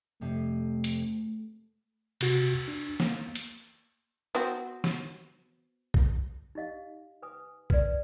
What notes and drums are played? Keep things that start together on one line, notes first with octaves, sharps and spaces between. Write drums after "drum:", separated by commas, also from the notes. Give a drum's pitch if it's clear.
F2 C3 G3 A3
drum: hi-hat
C3 F#4, drum: cymbal
D4
A#3, drum: snare
drum: hi-hat
B3 C4 F#4
drum: snare
drum: kick B1
D#4 G4 D#5 F5
B4 G#5 D#6
B4 D5, drum: kick B1